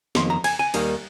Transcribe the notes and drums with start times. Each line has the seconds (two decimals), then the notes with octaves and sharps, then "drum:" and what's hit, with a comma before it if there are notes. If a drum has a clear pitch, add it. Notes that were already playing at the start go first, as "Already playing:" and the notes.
0.15 F2 D#3 A#3 C6, drum: snare
0.30 A#5
0.44 G#5, drum: cymbal
0.59 G#5
0.74 D#2 D#3 G3 A#3 D#4, drum: cymbal